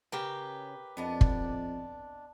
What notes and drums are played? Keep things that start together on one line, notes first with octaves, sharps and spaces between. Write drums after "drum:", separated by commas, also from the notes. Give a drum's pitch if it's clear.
C#3 G4 A#4 B4
F2 B3 D4 D#5
drum: kick